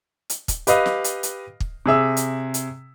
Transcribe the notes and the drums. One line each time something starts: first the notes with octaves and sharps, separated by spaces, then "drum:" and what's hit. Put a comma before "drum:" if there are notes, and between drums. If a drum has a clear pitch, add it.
drum: hi-hat
drum: kick, hi-hat
G4 B4 D#5 F5, drum: hi-hat
drum: snare
drum: hi-hat
drum: hi-hat
drum: kick
C3 G#4 E5 E6
drum: hi-hat
drum: hi-hat